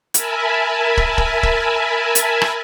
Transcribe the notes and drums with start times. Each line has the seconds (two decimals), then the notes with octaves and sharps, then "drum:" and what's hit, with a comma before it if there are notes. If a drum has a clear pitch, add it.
0.14 A#4 E5 G#5 A5 B5, drum: hi-hat
0.97 drum: kick
1.18 drum: kick
1.43 drum: kick
2.15 drum: hi-hat
2.41 drum: rim click